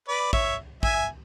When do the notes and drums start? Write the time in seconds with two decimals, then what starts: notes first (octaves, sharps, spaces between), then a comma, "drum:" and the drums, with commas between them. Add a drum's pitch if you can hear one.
0.08 B4 D5
0.33 C#5 E5, drum: kick
0.83 E5 G#5, drum: kick